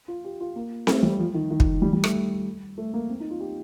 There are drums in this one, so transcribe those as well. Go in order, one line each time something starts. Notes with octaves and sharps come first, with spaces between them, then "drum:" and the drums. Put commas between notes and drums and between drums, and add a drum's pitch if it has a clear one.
F4
G4
F4
A#3
A3, drum: snare C4
G3
F3
D#3
D#3
drum: kick
G3
G3
A3, drum: rim click
A3
A#3
C4
D#4
F4
G4